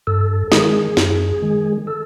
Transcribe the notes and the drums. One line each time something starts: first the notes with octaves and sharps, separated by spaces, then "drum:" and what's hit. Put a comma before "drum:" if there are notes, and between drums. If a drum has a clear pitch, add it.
G2 A4
D#3 G#3 G#4, drum: snare
F#2, drum: snare
D#3 G#3
A4